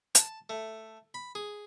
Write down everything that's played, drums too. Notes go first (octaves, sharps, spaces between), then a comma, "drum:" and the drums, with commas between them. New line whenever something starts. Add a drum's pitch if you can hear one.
A5, drum: hi-hat
A3
B5
G#4